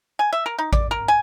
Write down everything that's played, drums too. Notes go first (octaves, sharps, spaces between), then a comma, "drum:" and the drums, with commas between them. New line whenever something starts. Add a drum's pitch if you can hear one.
G#5
E5
A#4
D#4
D5, drum: kick A1
A#4
G#5